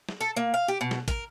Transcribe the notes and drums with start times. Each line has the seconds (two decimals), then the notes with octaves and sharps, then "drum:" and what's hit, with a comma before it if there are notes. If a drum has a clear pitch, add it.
0.09 drum: snare
0.21 A4
0.37 A#3
0.54 F5
0.68 G4
0.81 B2
0.91 drum: snare
1.08 A#4, drum: kick, hi-hat